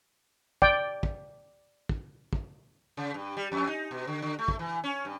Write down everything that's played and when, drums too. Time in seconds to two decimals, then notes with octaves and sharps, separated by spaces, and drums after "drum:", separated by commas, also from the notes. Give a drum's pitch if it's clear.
0.62 D5 G5, drum: kick
1.03 drum: kick
1.89 drum: kick
2.33 drum: kick
2.97 C#3
3.14 G2
3.37 G3
3.52 F2
3.68 D#4
3.91 B2
4.07 D3
4.22 D3
4.39 A3
4.48 drum: kick
4.59 E3
4.84 C#4
5.05 G2